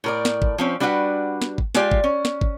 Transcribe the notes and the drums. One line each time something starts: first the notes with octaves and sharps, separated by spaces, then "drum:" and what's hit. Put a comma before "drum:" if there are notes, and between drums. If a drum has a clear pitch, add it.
A2 A#4 D5
drum: snare
drum: kick
F3 C4 C#4
G3 D4 F#4 B4 D#5 F#5
drum: snare
drum: kick
G#3 F4 G4 D5, drum: snare
drum: kick
C#4
drum: snare
drum: kick